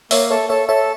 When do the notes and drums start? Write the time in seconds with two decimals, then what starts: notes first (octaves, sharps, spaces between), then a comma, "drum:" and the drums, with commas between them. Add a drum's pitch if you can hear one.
0.11 A#3 C#5 E5, drum: open hi-hat
0.30 A4 C#5 E5
0.49 A4 C#5 E5
0.68 A4 C#5 E5